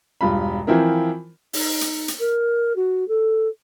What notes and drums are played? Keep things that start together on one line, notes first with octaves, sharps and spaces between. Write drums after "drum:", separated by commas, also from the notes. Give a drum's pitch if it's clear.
E1 G2 F4 B5
E3 F3 C4 E4 A#4
D#4, drum: open hi-hat
drum: hi-hat
drum: hi-hat
A#4
F#4
A4